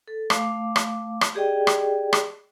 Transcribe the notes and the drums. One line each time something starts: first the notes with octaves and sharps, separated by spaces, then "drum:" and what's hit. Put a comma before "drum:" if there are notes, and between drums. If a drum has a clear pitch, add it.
A4
A3 F5 D6, drum: rim click
drum: rim click
drum: rim click
G4 G#4 D5 D#5 G5
drum: rim click
drum: rim click